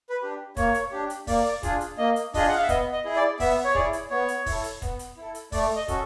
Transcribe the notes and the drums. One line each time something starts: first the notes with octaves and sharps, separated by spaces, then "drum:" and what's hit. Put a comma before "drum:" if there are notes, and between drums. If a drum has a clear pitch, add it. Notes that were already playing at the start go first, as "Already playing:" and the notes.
B4
D4 G4
A#3 C#5, drum: kick, hi-hat
drum: hi-hat
D4 G4
drum: hi-hat
A#3 D5, drum: kick, open hi-hat
D4 F4 G#4, drum: kick, hi-hat
drum: hi-hat
A#3 D#5
drum: hi-hat
D4 F4 G#4 D#5, drum: kick, open hi-hat
F#5
F5
E5
B3 D#5, drum: kick, hi-hat
D#5
E4 G#4
D5
B3 E5, drum: kick, open hi-hat
C#5
E4 G#4 D5, drum: kick
drum: hi-hat
B3 C#5
drum: hi-hat
E4 A4, drum: kick, open hi-hat
drum: hi-hat
B3, drum: kick, hi-hat
drum: hi-hat
E4 A4
drum: hi-hat
A3 D5, drum: kick, open hi-hat
D#5
C#4 F#4 A4, drum: kick, hi-hat